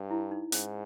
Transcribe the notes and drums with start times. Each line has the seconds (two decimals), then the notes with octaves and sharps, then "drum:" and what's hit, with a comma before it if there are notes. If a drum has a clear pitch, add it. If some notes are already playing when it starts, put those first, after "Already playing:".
Already playing: G2
0.10 E4
0.31 D#4
0.52 G#2 C#4, drum: hi-hat